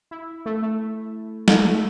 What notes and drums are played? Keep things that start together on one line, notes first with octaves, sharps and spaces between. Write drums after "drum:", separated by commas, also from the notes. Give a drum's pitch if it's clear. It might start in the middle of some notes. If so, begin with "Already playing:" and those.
E4
A3
A3
A3, drum: snare
A3